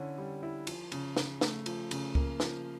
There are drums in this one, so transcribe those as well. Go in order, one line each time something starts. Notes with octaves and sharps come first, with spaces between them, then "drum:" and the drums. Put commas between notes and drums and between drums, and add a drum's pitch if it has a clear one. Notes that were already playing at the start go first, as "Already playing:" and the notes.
Already playing: D3 C#4 E4
G3
E4
F3, drum: cymbal
C#3, drum: cymbal
C#3, drum: snare
A3, drum: snare
F3, drum: cymbal
C#3, drum: cymbal
A#3, drum: kick C#2
F3, drum: snare